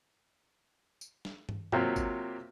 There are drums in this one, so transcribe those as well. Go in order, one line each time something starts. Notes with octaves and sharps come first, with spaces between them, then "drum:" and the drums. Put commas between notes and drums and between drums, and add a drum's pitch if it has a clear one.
drum: tambourine
drum: snare
drum: tom G2
C3 F#3 A#3 C4 F4 G4, drum: tom G2
drum: kick G1, tambourine